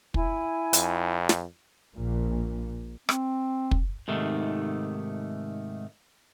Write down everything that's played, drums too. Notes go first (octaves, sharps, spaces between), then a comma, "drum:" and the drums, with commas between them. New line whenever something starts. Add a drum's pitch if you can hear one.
E4 G#5, drum: kick
F2, drum: hi-hat
drum: snare
A#1 A#2
C4, drum: rim click
drum: kick
G#2 C3 D#3 A3